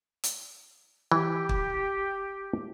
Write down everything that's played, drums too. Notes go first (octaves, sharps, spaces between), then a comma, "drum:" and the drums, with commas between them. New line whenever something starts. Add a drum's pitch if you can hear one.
drum: hi-hat
E3 G4
drum: kick